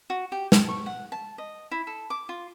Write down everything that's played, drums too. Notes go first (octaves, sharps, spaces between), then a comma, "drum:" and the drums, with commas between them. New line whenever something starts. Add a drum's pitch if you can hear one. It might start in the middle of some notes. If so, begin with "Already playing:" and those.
F#4
G4
A5, drum: snare
C#6
F#5
A5
D#5
E4
A4
D6
F4